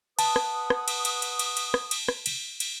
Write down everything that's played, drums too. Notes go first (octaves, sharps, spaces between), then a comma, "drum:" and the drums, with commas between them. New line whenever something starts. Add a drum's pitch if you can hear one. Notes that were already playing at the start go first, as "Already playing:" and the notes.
B4 F#5 A5 D#6, drum: cymbal
drum: rim click
drum: rim click
drum: cymbal
drum: cymbal
drum: cymbal
drum: cymbal
drum: cymbal
drum: rim click
drum: cymbal
drum: rim click
drum: cymbal
drum: cymbal